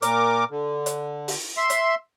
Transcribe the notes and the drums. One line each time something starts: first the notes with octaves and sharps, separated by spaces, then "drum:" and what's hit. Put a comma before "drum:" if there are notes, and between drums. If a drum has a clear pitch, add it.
A#2 A#4 D6, drum: hi-hat
D3
drum: hi-hat
drum: open hi-hat
E5 C6
drum: hi-hat